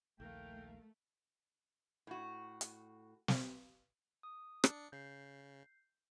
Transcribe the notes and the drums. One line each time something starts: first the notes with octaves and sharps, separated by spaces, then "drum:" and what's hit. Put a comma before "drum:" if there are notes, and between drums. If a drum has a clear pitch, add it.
A#1 D#2 A3 A#4 F5 G5
A2 F#4
drum: hi-hat
drum: snare
D#6
D4 C#7, drum: rim click
C#3 G6 C7